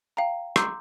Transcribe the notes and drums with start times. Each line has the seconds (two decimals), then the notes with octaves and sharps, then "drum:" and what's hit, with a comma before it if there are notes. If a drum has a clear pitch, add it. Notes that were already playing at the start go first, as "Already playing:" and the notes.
0.17 F5 G5 A#5
0.56 A#5 C6 D6 E6 G6, drum: rim click